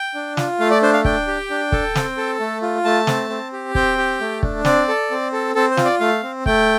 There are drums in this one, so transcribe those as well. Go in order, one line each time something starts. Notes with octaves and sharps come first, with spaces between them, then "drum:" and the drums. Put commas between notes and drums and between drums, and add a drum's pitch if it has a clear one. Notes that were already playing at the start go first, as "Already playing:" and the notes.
Already playing: G5
D4
F4, drum: snare
A3 F5
D5
D4 C5
F5
D4 G5, drum: kick
G4
D4
A4, drum: kick
C4, drum: snare
A4
A3
F4
A3 A5
C4, drum: snare
C4
G4
C4 G5, drum: kick
G4
A3
D4, drum: kick
C4 D5, drum: snare
A4
C4
A4
C4 A4
C5
F4, drum: snare
D5
A3 F5
C4
A3 G5, drum: kick